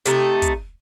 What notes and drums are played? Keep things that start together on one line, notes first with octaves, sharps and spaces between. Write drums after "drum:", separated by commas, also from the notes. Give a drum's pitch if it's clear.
C3 A3 D#4, drum: hi-hat
drum: kick, hi-hat